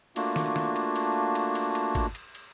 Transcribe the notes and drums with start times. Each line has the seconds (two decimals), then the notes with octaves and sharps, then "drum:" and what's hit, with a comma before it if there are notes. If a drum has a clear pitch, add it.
0.16 A3 A#3 D4 F4 F#4, drum: cymbal
0.36 drum: snare
0.56 drum: snare
0.76 drum: cymbal
0.96 drum: cymbal
1.35 drum: cymbal
1.55 drum: cymbal
1.75 drum: cymbal
1.95 drum: kick, cymbal
2.15 drum: cymbal
2.35 drum: cymbal